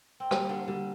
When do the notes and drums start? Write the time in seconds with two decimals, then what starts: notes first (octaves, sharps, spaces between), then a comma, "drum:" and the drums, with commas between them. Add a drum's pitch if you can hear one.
0.20 C4
0.31 G3 A#3, drum: rim click
0.49 D3
0.68 D3 G3